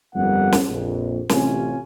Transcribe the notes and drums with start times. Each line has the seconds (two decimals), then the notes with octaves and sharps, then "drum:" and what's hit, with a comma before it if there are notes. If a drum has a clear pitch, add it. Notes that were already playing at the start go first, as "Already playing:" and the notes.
0.13 G1 F2 G3 A#3 F#5
0.52 drum: snare
0.67 A#1 F2
1.29 A1 C3 C4 C#4 F4 G#5, drum: snare